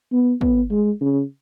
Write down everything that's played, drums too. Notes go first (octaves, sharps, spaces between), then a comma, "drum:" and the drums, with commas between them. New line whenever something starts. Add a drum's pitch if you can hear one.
B3
B3, drum: kick
G#3
C#3